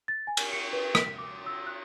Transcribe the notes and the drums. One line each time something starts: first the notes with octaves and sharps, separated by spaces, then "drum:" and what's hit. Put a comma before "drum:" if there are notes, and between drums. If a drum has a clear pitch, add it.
A6
G#5
drum: cymbal
C#7
B4
B6, drum: rim click
D6
E6
F#6